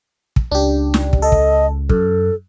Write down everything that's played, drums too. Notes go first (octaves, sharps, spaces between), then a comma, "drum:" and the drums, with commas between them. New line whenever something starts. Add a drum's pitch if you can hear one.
drum: kick
C#2 D4 G4
drum: snare
drum: kick
A4 D#5
drum: kick
F#2 A4, drum: kick